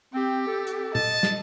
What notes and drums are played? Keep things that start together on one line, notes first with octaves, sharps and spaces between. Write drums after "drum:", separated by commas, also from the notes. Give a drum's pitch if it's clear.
C4 G4
A4
drum: hi-hat
D#5 A5, drum: tom A#2
drum: snare